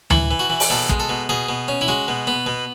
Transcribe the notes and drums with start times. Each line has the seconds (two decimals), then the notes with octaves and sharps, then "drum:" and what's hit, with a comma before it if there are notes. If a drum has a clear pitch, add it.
0.10 E3 E4, drum: tom D2
0.31 E3
0.39 F#4
0.50 E3
0.60 drum: open hi-hat
0.70 B2 A4
0.89 G#3, drum: kick
1.00 A4
1.09 B2
1.29 B2 G#4
1.49 B2
1.68 C#4
1.81 E4
1.88 G#3 F#4
2.08 B2
2.27 B3
2.46 B2